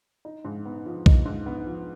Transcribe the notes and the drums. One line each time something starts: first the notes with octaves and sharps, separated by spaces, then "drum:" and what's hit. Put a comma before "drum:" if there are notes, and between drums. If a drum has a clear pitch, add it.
D#4
G#2
B3
F3
D#4, drum: kick B1
G#2
B3
F3